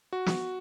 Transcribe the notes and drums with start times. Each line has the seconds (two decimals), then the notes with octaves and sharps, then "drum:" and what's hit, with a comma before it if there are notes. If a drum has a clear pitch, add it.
0.13 F#4
0.26 drum: snare